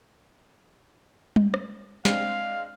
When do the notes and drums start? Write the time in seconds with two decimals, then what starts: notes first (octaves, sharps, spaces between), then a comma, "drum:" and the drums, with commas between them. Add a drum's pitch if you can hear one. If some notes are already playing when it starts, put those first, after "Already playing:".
1.36 drum: tom G3
1.54 drum: rim click
2.05 G#3 C4 D4 F5, drum: snare